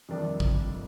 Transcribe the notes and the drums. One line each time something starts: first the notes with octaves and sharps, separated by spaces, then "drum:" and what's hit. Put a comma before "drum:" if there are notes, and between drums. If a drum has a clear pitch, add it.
F2 C3 D#3 G3 D4
drum: kick